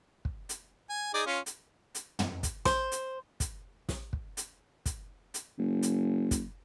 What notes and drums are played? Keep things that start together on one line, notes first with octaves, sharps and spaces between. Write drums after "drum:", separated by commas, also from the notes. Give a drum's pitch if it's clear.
drum: kick
drum: hi-hat
G#5
D#4 G#4 D5
C#4 F4
drum: hi-hat
drum: hi-hat
drum: tom
drum: kick, hi-hat
C5, drum: snare
drum: hi-hat
drum: kick, hi-hat
drum: snare
drum: kick
drum: hi-hat
drum: kick, hi-hat
drum: hi-hat
F#1
drum: hi-hat
drum: kick, hi-hat